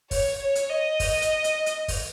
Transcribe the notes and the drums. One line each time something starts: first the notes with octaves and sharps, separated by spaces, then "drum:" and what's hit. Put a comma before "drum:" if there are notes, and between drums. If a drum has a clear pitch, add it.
C#5, drum: kick, open hi-hat
C#5
drum: hi-hat
D#5
drum: kick, open hi-hat
drum: hi-hat
drum: hi-hat
drum: hi-hat
drum: kick, open hi-hat